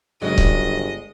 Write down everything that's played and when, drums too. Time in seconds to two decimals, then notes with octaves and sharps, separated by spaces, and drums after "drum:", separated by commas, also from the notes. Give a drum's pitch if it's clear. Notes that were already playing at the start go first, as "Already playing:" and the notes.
0.22 G1 C#3 F#3 G#3 D5 D#5
0.38 drum: kick